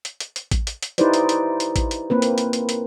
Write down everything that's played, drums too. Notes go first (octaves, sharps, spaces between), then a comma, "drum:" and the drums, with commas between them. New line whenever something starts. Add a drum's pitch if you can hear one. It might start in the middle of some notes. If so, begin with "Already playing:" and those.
drum: hi-hat
drum: hi-hat
drum: hi-hat
drum: kick A1, hi-hat
drum: hi-hat
drum: hi-hat
D#4 E4 G4 B4 C5 D5, drum: hi-hat
drum: hi-hat
drum: hi-hat
drum: hi-hat
drum: kick A1, hi-hat
drum: hi-hat
A#3 C4 B4
drum: hi-hat
drum: hi-hat
drum: hi-hat
drum: hi-hat